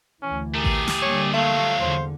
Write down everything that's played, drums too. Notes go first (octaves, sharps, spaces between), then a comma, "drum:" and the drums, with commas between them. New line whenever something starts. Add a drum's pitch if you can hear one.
D2 E3 C#4
A3 G4 G#4 A#4
drum: kick A1
drum: snare
D3 G3 A#3 C#5
F3 F#3 A3 F5
E2 D3 C5